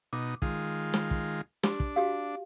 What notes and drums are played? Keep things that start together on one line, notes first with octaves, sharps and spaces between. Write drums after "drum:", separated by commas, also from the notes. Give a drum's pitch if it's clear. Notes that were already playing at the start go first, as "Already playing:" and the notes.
B2 D#4 D6
D#3 G#3 F4, drum: kick
drum: snare
drum: kick
D4 G4, drum: snare
drum: kick
F#4 G4 F5